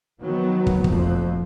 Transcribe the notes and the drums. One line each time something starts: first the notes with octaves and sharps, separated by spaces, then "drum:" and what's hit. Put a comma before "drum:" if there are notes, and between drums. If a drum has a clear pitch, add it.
D#3 F3 F#3 B3
drum: kick
F1 F2 A#2 F3, drum: kick